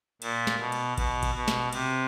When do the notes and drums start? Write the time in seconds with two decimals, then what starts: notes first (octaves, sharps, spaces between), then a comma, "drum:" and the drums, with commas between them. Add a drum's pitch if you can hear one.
0.22 A#2, drum: cymbal
0.47 drum: snare
0.60 B2
0.72 drum: cymbal
0.98 B2, drum: kick A1, cymbal
1.23 drum: kick A1, cymbal
1.35 B2
1.48 drum: snare
1.73 C3, drum: cymbal